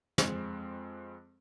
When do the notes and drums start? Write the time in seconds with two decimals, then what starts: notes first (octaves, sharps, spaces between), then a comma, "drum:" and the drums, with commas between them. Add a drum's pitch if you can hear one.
0.18 F2 G#3 C4, drum: snare